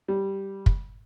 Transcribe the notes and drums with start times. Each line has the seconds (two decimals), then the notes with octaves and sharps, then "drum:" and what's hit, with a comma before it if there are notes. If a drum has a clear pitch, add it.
0.08 G3
0.66 drum: kick